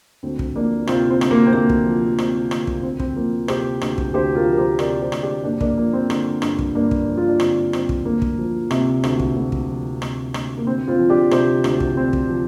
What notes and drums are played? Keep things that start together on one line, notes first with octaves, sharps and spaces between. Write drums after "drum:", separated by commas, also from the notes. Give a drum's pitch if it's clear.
D2 C4
drum: kick
F3 A#3 D4
C3 C4 F4, drum: rim click
C4
D2, drum: rim click
A#3
C4
D2 A#3
drum: kick
F3
C3 C4, drum: rim click
D2, drum: rim click
drum: kick
D2 C4
C4, drum: kick
F3 A#3
C3 G4 C5, drum: rim click
D2, drum: rim click
drum: kick
D2 G4 C5
F4 A#4
F3
A#4
G4 C5
C3 A#4 D5, drum: rim click
G4 C5
D2, drum: rim click
D4 G4
G2 A#3 D4
A#3 D4, drum: kick
F3 A#3
C4
D3, drum: rim click
G2, drum: rim click
drum: kick
G2 A#3 D4
drum: kick
F3
F4
D4
D3 C4, drum: rim click
G2 C4, drum: rim click
drum: kick
D2 A#3
drum: kick
F3
C3, drum: rim click
D2, drum: rim click
drum: kick
D2
drum: kick
F3
C3, drum: rim click
D2, drum: rim click
A#3
D2 C4
C4 F4
F3
D4 G4
C3 G4 C5, drum: rim click
D2, drum: rim click
drum: kick
D2 C4
drum: kick
F3